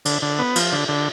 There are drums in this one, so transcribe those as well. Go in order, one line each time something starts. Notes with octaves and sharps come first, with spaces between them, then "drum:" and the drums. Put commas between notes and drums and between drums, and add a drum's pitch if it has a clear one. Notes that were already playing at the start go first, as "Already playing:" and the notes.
D3, drum: cymbal
D3
B3
F3, drum: cymbal
D3
D3